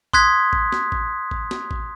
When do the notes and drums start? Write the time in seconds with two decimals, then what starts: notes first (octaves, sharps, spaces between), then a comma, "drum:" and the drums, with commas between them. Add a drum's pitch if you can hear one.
0.13 C6 D#6 F#6 G#6 B6, drum: kick A1
0.53 drum: kick A1
0.72 drum: snare
0.92 drum: kick A1
1.31 drum: kick A1
1.51 drum: snare
1.71 drum: kick A1